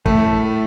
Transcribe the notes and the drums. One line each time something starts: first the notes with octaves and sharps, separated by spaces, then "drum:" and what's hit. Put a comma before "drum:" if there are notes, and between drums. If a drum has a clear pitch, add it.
A2 A3, drum: kick